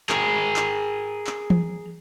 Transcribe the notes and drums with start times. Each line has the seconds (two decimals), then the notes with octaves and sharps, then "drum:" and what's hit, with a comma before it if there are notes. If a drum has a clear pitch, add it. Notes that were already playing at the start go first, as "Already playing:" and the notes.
0.09 G#4 A#4, drum: clap
0.56 drum: clap
1.27 drum: clap
1.50 drum: tom E3